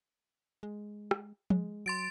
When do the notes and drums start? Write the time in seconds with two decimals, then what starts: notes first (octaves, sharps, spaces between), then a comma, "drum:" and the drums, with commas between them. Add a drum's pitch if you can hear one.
0.63 G#3
1.11 drum: rim click
1.50 G#3, drum: tom F3
1.86 F#3 C6 A6 D7